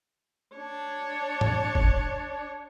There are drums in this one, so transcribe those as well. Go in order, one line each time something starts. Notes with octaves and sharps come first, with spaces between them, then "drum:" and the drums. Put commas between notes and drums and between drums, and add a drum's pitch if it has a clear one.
D4 C#5
drum: tom
drum: kick